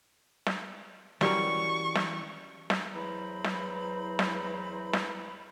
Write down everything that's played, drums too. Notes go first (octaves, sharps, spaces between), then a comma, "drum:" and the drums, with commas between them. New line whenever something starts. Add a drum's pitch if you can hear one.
drum: snare
E3 F#3 G3 C#4 G4 A#4 C#6, drum: snare
drum: snare
drum: snare
E2 E3 F#3 C5 A#5 B5
drum: snare
drum: snare
drum: snare